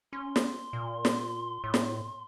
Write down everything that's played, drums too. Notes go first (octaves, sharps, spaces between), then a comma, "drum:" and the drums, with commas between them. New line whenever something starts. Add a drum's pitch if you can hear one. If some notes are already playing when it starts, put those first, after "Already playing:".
C#4 C6
drum: snare
A#2
drum: snare
A2
drum: snare